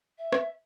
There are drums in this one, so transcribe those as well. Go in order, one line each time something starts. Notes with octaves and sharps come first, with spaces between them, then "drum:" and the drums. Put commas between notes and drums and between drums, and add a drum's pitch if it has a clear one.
E5
drum: rim click